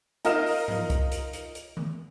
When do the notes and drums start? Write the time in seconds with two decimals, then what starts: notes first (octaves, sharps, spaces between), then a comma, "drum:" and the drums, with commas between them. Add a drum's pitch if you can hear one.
0.25 D#4 F4 A#4 D#5 F6 E7, drum: hi-hat
0.46 drum: open hi-hat
0.68 drum: tom
0.90 drum: kick C2, hi-hat
1.12 drum: hi-hat
1.33 drum: hi-hat
1.55 drum: hi-hat
1.77 drum: tom D#3